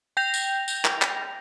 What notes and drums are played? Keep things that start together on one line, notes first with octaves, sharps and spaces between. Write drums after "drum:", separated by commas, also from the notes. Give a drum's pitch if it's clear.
G5 G6 A#6 F7
drum: tambourine
drum: tambourine
drum: clap
drum: clap